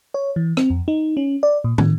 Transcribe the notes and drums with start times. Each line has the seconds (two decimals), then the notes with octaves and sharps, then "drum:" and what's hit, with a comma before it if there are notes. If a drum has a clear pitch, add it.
0.14 C#5
0.36 E3
0.57 C4, drum: rim click
0.70 F2
0.88 D#4
1.17 C#4
1.43 D5
1.64 A#2
1.78 D#3, drum: tom